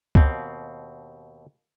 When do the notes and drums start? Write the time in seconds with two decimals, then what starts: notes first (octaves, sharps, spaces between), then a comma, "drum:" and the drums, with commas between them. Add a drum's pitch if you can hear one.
0.15 D#2 B2 C4, drum: kick C#2